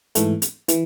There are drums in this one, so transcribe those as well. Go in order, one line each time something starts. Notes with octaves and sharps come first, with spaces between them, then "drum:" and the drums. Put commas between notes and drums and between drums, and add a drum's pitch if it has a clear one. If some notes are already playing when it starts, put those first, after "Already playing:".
G#2 E3 A3, drum: hi-hat
drum: hi-hat
E3, drum: hi-hat